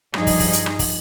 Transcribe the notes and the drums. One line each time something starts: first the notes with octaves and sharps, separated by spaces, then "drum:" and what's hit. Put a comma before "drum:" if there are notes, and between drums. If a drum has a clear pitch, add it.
G2 F3 D#4 G#4, drum: rim click
drum: kick, open hi-hat
drum: kick, open hi-hat
drum: hi-hat
drum: rim click
drum: kick, open hi-hat